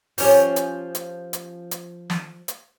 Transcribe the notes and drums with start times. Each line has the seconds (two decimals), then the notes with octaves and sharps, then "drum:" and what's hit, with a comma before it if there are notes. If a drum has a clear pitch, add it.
0.18 F3 C#4 G4, drum: open hi-hat
0.56 drum: hi-hat
0.95 drum: hi-hat
1.33 drum: hi-hat
1.71 drum: hi-hat
2.10 drum: snare
2.48 drum: hi-hat